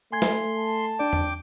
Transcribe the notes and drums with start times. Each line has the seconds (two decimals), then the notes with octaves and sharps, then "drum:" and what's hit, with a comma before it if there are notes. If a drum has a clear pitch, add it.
0.12 A3 G#5 C6 G#6
0.22 drum: snare
0.58 A5
0.99 D4 D5 G5 D6
1.13 drum: tom E2